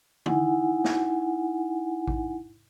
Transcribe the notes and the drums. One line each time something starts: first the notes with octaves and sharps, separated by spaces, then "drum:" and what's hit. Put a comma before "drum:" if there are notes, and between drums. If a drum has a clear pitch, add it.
D#4 E4 F#5 G#5, drum: tom D3
drum: snare
drum: kick A1